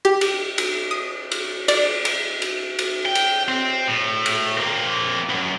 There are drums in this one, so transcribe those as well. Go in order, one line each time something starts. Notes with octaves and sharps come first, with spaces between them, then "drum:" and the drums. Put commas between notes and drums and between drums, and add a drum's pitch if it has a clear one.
G4
drum: cymbal
drum: cymbal
D#6
drum: cymbal
D5, drum: cymbal
drum: cymbal
drum: cymbal
drum: cymbal
G5
drum: cymbal
C4
A2
drum: cymbal
A#3 C4
C2 F#2